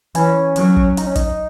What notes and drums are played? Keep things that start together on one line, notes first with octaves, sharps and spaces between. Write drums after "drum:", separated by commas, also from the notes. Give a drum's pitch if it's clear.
E3 C#4, drum: hi-hat
F#3, drum: hi-hat
drum: kick
D#4, drum: hi-hat
C#4
D#4, drum: kick, hi-hat